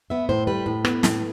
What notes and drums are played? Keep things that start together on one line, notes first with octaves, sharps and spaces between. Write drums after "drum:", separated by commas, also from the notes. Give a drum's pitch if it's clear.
B3 E5
A2 C5
G3 B4
A2
B3, drum: rim click
A2, drum: snare